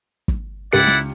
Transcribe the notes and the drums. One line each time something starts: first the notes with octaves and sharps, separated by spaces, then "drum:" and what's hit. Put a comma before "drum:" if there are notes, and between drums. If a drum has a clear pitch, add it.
drum: kick
C#2 E4 G4 D5 F#5 C#7
drum: snare